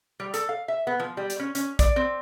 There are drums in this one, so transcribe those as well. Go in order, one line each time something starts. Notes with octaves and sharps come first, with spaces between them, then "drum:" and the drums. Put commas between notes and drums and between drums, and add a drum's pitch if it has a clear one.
G3
A4, drum: hi-hat
F5
E5
B3
F3
G3
drum: hi-hat
C#4
C#4, drum: hi-hat
D5, drum: kick, hi-hat
C4